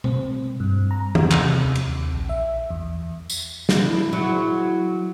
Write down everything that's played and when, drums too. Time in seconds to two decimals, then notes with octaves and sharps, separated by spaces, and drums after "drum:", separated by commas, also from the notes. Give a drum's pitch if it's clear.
0.04 C4, drum: tom B2
0.60 G2
0.91 A#5
1.15 E2, drum: tom D#3
1.31 C3, drum: clap
1.64 D#2
1.75 drum: cymbal
2.13 A#1
2.29 E5
2.71 E2
3.30 drum: tambourine
3.69 drum: snare
3.85 D4 E4 B5
4.13 E3 F#3 G#3